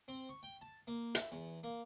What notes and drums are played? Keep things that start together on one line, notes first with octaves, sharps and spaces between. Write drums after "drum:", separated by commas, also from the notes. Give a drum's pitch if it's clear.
C4
C#6
G5
A5
A#3
E5, drum: hi-hat
E2
A#3